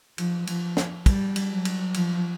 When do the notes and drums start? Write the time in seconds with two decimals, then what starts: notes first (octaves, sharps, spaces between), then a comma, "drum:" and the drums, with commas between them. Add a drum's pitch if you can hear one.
0.18 F3, drum: cymbal
0.47 F3, drum: cymbal
0.77 drum: snare
1.06 G3, drum: kick, cymbal
1.36 drum: cymbal
1.50 F#3
1.65 drum: cymbal
1.94 F3, drum: cymbal